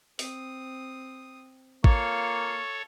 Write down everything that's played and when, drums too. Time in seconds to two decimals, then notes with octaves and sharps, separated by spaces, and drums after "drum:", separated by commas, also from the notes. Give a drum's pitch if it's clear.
0.19 C4 D#6, drum: open hi-hat
1.84 A#3 F4 A4 C#5 F5 C#6, drum: kick A1